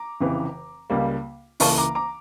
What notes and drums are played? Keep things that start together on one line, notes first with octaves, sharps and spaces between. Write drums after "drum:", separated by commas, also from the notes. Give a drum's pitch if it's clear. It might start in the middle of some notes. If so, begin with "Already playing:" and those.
Already playing: A#5 D6
F1 F2 C#3 E3
C#2 C#3 G3 A#3
C#2 C#3 E3 A#3 A5 C#6, drum: open hi-hat
A#5 D6
A#5 D6